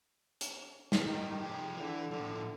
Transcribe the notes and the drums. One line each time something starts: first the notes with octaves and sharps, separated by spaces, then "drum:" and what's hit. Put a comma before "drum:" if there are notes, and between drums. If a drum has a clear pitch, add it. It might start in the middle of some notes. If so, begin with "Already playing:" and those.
drum: hi-hat
drum: snare
G#2 D#3 G3
F3 G4 G#4
D3 E3
A2 D3 F3